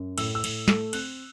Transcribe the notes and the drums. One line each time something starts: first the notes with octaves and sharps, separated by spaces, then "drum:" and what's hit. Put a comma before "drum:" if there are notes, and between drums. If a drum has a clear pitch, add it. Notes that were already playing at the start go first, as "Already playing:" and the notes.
Already playing: F#2
A2 E6, drum: cymbal
E6
A2, drum: cymbal
A3 E6, drum: snare
C4 F#6, drum: cymbal